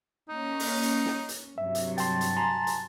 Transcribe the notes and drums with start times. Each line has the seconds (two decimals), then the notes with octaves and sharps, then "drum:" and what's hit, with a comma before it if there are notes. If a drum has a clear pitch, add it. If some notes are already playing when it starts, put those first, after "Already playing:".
0.29 A#3 C#4 D#4
0.60 drum: open hi-hat
0.83 drum: hi-hat
1.06 drum: snare
1.29 drum: hi-hat
1.58 G2 C3 F#3 E5
1.75 drum: hi-hat
1.98 G5 A5 C6, drum: hi-hat
2.21 drum: hi-hat
2.36 G#5 A#5 C6
2.67 drum: hi-hat